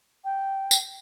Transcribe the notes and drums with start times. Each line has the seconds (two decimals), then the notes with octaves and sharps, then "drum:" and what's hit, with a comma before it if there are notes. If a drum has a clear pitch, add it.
0.24 G5
0.71 drum: tambourine